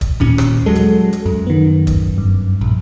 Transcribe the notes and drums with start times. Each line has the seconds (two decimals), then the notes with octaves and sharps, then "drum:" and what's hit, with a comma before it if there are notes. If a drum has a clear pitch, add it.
0.01 drum: kick, hi-hat
0.20 D#2 A#2 C#4
0.38 drum: rim click
0.66 F#3 G#3 A4
0.75 drum: hi-hat
1.13 drum: hi-hat
1.26 F#2
1.47 D#3 B3
1.87 drum: kick, hi-hat
2.18 G2
2.61 A#1